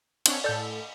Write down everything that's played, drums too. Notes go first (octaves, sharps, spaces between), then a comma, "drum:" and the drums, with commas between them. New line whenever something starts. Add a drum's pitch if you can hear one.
C4 D4 C#5, drum: cymbal
A2 A4 D5 G6